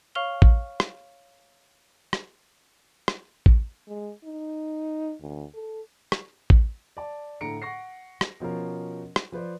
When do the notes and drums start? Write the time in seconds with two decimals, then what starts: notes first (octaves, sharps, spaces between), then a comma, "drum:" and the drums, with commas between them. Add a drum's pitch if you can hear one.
0.15 C#5 F5 C#6 F6 F7 G7
0.42 drum: kick A1
0.80 drum: rim click
2.13 drum: rim click
3.08 drum: rim click
3.46 drum: kick A1
3.88 G#3
4.24 D#4
5.21 D2
5.54 A4
6.12 drum: rim click
6.50 drum: kick A1
6.97 D5 A5
7.41 A2 D3 A#5 C#7 D7
7.62 F#5 C#6 A#6 C7
8.21 drum: rim click
8.40 B2 F3 C#4 A#4
9.16 drum: rim click
9.32 F3 B4 C5 D5